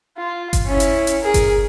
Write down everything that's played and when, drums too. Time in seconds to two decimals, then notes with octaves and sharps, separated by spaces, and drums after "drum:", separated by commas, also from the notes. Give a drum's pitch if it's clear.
0.18 F4
0.53 drum: kick G1, hi-hat
0.66 C#4 E4
0.80 drum: hi-hat
1.07 drum: hi-hat
1.23 G#4 A#4
1.34 drum: kick G1, hi-hat